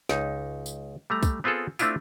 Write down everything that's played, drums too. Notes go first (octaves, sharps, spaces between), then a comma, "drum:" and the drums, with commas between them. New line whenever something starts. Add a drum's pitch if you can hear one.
C#2 D#4, drum: snare
drum: tambourine
G3 A3 A#5
drum: kick, tambourine
B3 C4 F4 G#4 A4
A3 C4 D4 E4 F4, drum: tambourine